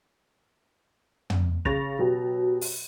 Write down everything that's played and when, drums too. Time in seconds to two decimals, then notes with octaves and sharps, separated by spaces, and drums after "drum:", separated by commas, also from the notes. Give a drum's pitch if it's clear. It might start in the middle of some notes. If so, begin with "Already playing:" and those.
1.30 drum: tom
1.65 C#3 C#6 A6 A#6 F7, drum: kick
1.99 B2 F#3 G4
2.61 drum: open hi-hat